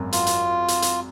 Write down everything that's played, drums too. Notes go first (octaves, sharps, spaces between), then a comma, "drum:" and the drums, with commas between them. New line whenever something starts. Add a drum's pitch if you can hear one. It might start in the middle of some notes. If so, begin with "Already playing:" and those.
Already playing: G#1 F#2 F#3
F4, drum: hi-hat
drum: hi-hat
drum: hi-hat
drum: hi-hat